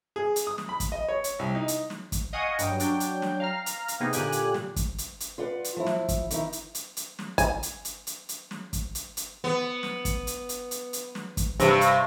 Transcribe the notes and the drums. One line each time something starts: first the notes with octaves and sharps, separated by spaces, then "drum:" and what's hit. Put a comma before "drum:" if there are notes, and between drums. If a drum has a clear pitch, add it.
G#4
drum: hi-hat
D#6
drum: snare
B5
drum: kick G1, hi-hat
D#5
C#5
drum: hi-hat
C2
D#4
drum: hi-hat
drum: snare
drum: kick G1, hi-hat
D#5 F5 F#5 G#5 C#6 D#6
G2 F#3 G5, drum: hi-hat
F#3 D4 G5 G6, drum: hi-hat
drum: hi-hat
drum: snare
F5 A#5 F6
drum: hi-hat
drum: hi-hat
C3 A#3 B3 D#4 G#4
A#2 D3 G4 G#5 F#6, drum: hi-hat
drum: hi-hat
drum: snare
drum: kick G1, hi-hat
drum: hi-hat
drum: hi-hat
F4 B4 D5 F#5
drum: hi-hat
F3 E4
drum: snare
drum: kick G1, hi-hat
D#3 D#4 E4, drum: hi-hat
drum: hi-hat
drum: hi-hat
drum: hi-hat
drum: snare
G#5, drum: kick G1, hi-hat
drum: hi-hat
drum: hi-hat
drum: hi-hat
drum: hi-hat
drum: snare
drum: kick G1, hi-hat
drum: hi-hat
drum: hi-hat
B3
drum: snare
drum: kick G1, hi-hat
drum: hi-hat
drum: hi-hat
drum: hi-hat
drum: hi-hat
drum: snare
drum: kick G1, hi-hat
G2 C3, drum: hi-hat
drum: hi-hat